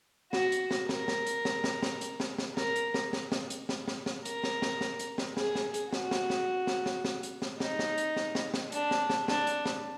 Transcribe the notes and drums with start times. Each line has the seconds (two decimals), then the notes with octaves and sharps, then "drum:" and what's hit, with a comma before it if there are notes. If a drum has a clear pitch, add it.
0.33 F#4, drum: snare
0.52 drum: hi-hat
0.71 drum: snare
0.89 A#4, drum: snare
1.08 drum: snare
1.27 drum: hi-hat
1.45 drum: snare
1.64 drum: snare
1.83 drum: snare
2.01 drum: hi-hat
2.20 drum: snare
2.38 drum: snare
2.57 A#4, drum: snare
2.76 drum: hi-hat
2.94 drum: snare
3.13 drum: snare
3.32 drum: snare
3.50 drum: hi-hat
3.69 drum: snare
3.88 drum: snare
4.06 drum: snare
4.25 A#4, drum: hi-hat
4.44 drum: snare
4.62 drum: snare
4.81 drum: snare
4.99 drum: hi-hat
5.18 drum: snare
5.37 G#4, drum: snare
5.55 drum: snare
5.74 drum: hi-hat
5.93 F#4, drum: snare
6.11 drum: snare
6.30 drum: snare
6.67 drum: snare
6.86 drum: snare
7.05 drum: snare
7.23 drum: hi-hat
7.42 drum: snare
7.60 D#4, drum: snare
7.79 drum: snare
7.98 drum: hi-hat
8.16 drum: snare
8.35 drum: snare
8.54 drum: snare
8.72 D4, drum: hi-hat
8.91 drum: snare
9.10 drum: snare
9.28 D4, drum: snare
9.47 drum: hi-hat
9.66 drum: snare